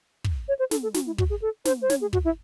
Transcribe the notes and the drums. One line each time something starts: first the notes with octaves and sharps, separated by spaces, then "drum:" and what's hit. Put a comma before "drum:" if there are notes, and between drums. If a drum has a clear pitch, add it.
drum: kick
C#5
C5
A4, drum: snare
A4
F#4, drum: snare
E4
F#4, drum: kick
G#4
A4
C5, drum: snare
C5
C#5, drum: snare
G#4
F#4, drum: kick
E4